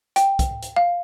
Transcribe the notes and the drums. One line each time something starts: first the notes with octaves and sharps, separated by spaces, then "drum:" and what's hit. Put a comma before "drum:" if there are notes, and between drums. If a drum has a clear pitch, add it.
G5, drum: hi-hat
drum: kick, hi-hat
drum: hi-hat
F5